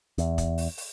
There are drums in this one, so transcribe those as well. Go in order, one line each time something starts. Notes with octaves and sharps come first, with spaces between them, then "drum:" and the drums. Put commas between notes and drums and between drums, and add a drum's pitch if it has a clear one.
E2, drum: hi-hat
drum: kick, hi-hat
drum: open hi-hat
drum: open hi-hat